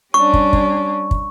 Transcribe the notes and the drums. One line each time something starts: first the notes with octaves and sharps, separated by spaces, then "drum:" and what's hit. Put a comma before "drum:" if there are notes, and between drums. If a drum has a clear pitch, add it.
G3 C#4 D4 C#6
drum: kick
drum: kick
drum: kick